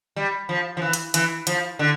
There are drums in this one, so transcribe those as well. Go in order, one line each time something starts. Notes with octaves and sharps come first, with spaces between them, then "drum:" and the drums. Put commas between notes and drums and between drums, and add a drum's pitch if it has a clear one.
G3
F3
F3
E3
drum: hi-hat
E3, drum: hi-hat
F3, drum: hi-hat
D3